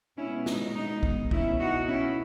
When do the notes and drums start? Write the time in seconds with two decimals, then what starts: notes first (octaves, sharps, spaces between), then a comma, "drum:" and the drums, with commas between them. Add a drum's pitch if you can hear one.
0.17 B2 G#3 B3 C#4 E4
0.46 D#4, drum: snare
0.74 D#4
1.03 drum: kick
1.31 B2 A3 C#4 E4, drum: kick
1.59 D#4 F#4
1.88 C#4 E4